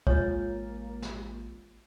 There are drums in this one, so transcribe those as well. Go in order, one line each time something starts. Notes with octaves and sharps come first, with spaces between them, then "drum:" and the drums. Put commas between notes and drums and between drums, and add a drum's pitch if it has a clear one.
A1 G#3 A#3 F4 C#5 A6, drum: kick
drum: snare